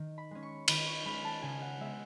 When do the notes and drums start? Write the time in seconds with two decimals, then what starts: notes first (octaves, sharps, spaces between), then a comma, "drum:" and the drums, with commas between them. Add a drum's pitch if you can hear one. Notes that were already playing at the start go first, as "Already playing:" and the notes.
Already playing: D#3
0.18 B5
0.31 G#3 C#4
0.43 C#6
0.68 D#3 B5, drum: cymbal
0.86 C#6
1.05 G#3 C#4 B5
1.25 A5
1.42 C#3 G#5
1.62 F#5
1.80 G#3 B3 E5